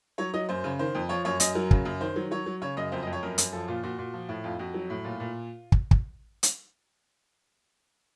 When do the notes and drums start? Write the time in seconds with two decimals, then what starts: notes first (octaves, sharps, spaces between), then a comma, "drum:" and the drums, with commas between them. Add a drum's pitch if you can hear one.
0.18 F#3 C#5
0.34 F#3 D#5
0.49 F#2 C5
0.64 C#3
0.79 D#3 C5
0.95 F2
1.09 F3 C#5
1.25 F#2 C#5
1.40 F#2 D#5, drum: hi-hat
1.55 F#3 A#4
1.71 C#3, drum: kick
1.85 F#2
2.01 D#3 C5
2.16 F#3
2.31 F#3 C#5
2.46 F#3
2.62 C#3 C#5
2.77 F#2 D#5
2.92 F2 C5
3.03 D#5
3.07 F2
3.13 C#5
3.22 F#2 A#4
3.38 F#2, drum: hi-hat
3.52 F3 A4
3.68 A#2 F4
3.83 A#2 F#4
3.98 A#2
4.14 F3
4.29 A2
4.44 F2 F4
4.59 F2 F#4
4.74 F#3
4.90 A2
5.04 A#2 F4
5.20 A#2
5.72 drum: kick
5.91 drum: kick
6.43 drum: hi-hat